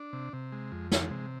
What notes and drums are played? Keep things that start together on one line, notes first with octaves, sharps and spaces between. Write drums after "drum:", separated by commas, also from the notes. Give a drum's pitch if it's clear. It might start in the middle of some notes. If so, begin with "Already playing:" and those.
Already playing: D4
C3
C3
G#3
F2
G#3, drum: snare
C3